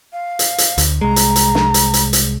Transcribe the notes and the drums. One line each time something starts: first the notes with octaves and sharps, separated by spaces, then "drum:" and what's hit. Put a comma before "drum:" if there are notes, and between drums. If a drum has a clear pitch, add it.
F5
drum: hi-hat
drum: hi-hat
D2, drum: hi-hat
C2 G#3 A#5
drum: hi-hat
drum: hi-hat
drum: snare
drum: hi-hat
drum: hi-hat
drum: hi-hat